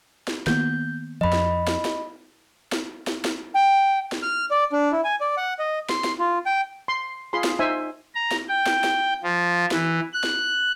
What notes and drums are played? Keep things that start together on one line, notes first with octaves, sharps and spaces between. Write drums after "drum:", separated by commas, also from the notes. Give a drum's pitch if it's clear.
drum: snare
D#3 A#3 B3 G6, drum: snare
F2 F3 D#5 B5
drum: snare
drum: snare
drum: snare
drum: snare
drum: snare
drum: snare
G5
drum: snare
F6
D5
D4
E4
G#5
D5
F#5
D#5
C6, drum: snare
drum: snare
F4
G5
C6
F4 G#4 B5 C6
drum: snare
D#4 C5 E5 G#5
A#5
drum: snare
G5
drum: snare
drum: snare
F3
E3, drum: snare
F#6
drum: snare